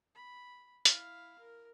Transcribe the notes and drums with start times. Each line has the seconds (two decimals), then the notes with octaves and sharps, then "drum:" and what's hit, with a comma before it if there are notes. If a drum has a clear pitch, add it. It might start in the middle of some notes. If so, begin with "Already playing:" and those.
0.15 B5
0.85 E4 F5, drum: hi-hat
1.39 A#4